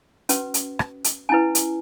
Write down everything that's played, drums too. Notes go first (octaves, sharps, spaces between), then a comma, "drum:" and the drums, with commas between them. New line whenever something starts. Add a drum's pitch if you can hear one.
C#4 F#4 B4, drum: hi-hat
drum: hi-hat
drum: rim click
drum: hi-hat
C#4 E4 B4 G#5
drum: hi-hat